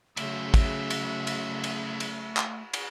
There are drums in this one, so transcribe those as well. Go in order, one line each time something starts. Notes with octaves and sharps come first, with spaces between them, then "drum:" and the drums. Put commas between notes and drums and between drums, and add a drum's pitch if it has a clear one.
C#3 F#3 A3 E4 C5 E5, drum: cymbal
drum: kick, cymbal
drum: cymbal
drum: cymbal
drum: cymbal
drum: cymbal
drum: clap
drum: cymbal